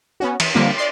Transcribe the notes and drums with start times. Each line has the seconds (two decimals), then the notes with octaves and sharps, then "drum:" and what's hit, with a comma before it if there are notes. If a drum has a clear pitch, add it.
0.20 B3 C#4 F#4
0.40 E3, drum: cymbal
0.55 D3 F3 G3 A#3 C4 F4
0.78 D5 C6